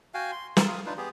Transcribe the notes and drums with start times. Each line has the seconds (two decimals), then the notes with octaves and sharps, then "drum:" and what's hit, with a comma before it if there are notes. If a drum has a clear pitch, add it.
0.14 F#4 F5 G5 G#5
0.32 C6
0.57 A4 A#4 A5 C6, drum: snare
0.68 F4 F5 D#6
0.86 D4 D#4 F4 B4
0.97 B3 G4 G#4